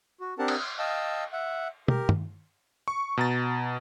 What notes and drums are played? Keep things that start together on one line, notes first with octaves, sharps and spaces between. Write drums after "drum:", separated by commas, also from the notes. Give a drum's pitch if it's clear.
F#4
C4 D4 G4 A#4 F#5 A5
drum: cymbal
C6
D#5 F5 G5 A5 E6
E5 F#5
G4 A#4, drum: tom
drum: tom
C#6
B2 A#5 A6